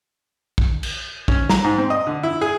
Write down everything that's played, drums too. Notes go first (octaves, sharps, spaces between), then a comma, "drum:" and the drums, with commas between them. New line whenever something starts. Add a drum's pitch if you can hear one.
drum: kick
drum: cymbal
C#4, drum: kick
A#5, drum: snare
G#2
C4
D#5
D3
E4
G#4